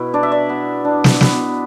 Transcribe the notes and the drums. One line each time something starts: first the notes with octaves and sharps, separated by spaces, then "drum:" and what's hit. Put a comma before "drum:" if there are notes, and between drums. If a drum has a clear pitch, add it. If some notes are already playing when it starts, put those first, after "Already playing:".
Already playing: B2 E4
D4 D5
E5
D5
B3
D4
drum: snare
B3, drum: snare